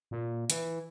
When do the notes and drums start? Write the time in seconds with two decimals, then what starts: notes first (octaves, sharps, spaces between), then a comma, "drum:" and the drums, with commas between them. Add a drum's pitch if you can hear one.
0.11 A#2
0.50 E3, drum: hi-hat